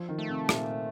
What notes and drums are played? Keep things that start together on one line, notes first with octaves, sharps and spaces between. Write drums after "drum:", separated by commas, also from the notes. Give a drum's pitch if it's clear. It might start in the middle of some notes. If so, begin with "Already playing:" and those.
Already playing: F3
D#3
A3
C3
A#2, drum: rim click